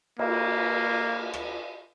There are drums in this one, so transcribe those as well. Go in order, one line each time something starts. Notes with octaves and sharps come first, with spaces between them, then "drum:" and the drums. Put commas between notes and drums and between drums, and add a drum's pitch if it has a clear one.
A#3, drum: cymbal
drum: rim click